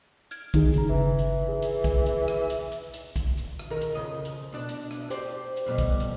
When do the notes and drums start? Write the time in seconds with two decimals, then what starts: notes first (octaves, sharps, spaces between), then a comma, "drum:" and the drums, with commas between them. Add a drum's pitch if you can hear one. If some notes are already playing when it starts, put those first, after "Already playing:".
0.31 F6 G#6 D7, drum: hi-hat
0.54 D#3 D#4 G#4, drum: kick B1, hi-hat
0.74 G1 C#3 A#5, drum: hi-hat
0.89 E3
1.19 drum: hi-hat
1.48 G#4
1.62 drum: hi-hat
1.84 drum: kick B1, hi-hat
2.06 drum: hi-hat
2.28 drum: rim click
2.50 drum: hi-hat
2.72 drum: hi-hat
2.94 drum: hi-hat
3.16 drum: kick B1, hi-hat
3.38 drum: hi-hat
3.59 drum: rim click
3.70 D#3 A#4
3.81 drum: hi-hat
3.95 F2 C#3 D#5
4.25 drum: hi-hat
4.52 B2 D4
4.69 drum: hi-hat
4.91 drum: rim click
5.10 G4 C5 D5, drum: hi-hat
5.56 drum: hi-hat
5.66 F2 B2 G3
5.78 drum: kick B1, hi-hat
6.00 drum: hi-hat